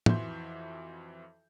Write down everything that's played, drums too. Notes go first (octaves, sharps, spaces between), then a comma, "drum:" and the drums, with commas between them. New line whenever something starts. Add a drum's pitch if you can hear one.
F2 E3 F#4 E5 C6 G6, drum: tom